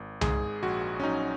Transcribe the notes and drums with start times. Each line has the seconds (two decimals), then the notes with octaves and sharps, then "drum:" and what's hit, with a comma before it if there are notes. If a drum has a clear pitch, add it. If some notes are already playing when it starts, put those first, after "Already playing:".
Already playing: G#1
0.21 G#2 G#4, drum: tom C2
0.63 A#1 F#4
1.00 C#4
1.03 F#3 D#4